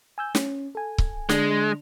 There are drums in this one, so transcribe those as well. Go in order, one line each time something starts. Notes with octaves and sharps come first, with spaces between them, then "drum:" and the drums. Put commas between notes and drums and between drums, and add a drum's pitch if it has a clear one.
G#5 E6 G6
C#4, drum: snare
A4 G#5
drum: kick C#1
D3 G#3 D4, drum: snare